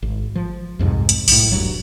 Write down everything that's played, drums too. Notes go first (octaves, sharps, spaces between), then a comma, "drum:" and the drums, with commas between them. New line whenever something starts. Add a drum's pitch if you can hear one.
G#1
F3
C2 F2 G#2 C3
drum: hi-hat
B1 A2, drum: open hi-hat
D#1 G2 F#3